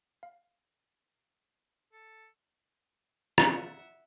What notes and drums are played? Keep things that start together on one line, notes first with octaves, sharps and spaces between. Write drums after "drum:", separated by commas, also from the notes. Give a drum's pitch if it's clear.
F5
A4
E5 F#5, drum: rim click